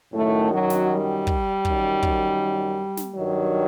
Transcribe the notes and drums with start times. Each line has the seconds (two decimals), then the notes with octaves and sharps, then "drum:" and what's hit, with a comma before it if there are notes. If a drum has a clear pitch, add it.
0.13 F#2 A2 D#3 A3
0.51 F#3 F#4
0.70 drum: snare
0.89 G3
1.27 drum: kick
1.65 F#2 D#3, drum: kick
2.03 drum: kick
2.97 drum: snare
3.16 G2 D#3 F#3